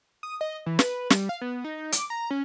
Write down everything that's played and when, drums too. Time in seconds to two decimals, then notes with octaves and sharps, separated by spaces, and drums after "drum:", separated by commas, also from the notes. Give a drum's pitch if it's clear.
0.23 D#6
0.41 D#5
0.66 E3
0.79 B4, drum: snare
1.10 G3, drum: snare
1.29 F5
1.41 B3
1.64 D#4
1.92 D6, drum: hi-hat
2.10 A#5
2.31 C#4